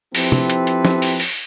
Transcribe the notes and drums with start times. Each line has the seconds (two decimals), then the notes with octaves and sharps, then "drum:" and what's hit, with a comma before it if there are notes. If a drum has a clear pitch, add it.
0.15 F3 C4 E4 G4 A4 B4, drum: open hi-hat
0.32 drum: tom
0.50 drum: hi-hat
0.67 drum: hi-hat
0.85 drum: snare
1.02 drum: open hi-hat
1.20 drum: open hi-hat